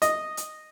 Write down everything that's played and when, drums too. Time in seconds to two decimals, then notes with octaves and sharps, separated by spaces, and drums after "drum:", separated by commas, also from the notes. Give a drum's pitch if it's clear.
0.02 D#5, drum: hi-hat
0.37 drum: hi-hat